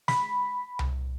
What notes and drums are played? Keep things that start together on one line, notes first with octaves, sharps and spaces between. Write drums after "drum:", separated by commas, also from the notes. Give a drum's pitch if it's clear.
B5, drum: snare
drum: tom C2